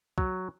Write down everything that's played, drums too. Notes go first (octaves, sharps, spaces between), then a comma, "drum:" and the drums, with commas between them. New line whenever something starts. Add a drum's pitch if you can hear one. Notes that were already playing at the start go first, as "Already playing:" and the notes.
F#3, drum: kick